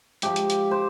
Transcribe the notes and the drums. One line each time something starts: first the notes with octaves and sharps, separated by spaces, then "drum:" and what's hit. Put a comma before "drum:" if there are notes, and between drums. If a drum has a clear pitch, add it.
G#2 F3 G4, drum: hi-hat
drum: hi-hat
drum: hi-hat
C5